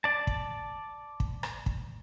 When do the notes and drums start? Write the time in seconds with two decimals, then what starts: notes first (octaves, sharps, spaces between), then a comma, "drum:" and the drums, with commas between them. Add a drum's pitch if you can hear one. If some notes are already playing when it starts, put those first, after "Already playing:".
0.04 D5 A5
0.27 drum: kick
1.20 drum: kick
1.43 drum: rim click
1.66 drum: kick